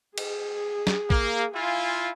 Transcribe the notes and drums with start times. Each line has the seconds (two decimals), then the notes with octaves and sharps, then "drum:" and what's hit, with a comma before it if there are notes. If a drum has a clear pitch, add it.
0.18 G#4, drum: cymbal
0.87 drum: snare
1.10 A#3, drum: kick
1.55 E4 F4 G#5